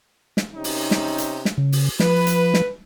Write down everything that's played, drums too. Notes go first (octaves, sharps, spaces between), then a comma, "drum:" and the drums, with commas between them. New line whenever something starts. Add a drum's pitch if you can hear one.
drum: snare
C3 C#4 D#4
drum: open hi-hat
drum: snare
drum: hi-hat
drum: snare
C#3
drum: open hi-hat
F3 B4, drum: snare
drum: hi-hat
drum: snare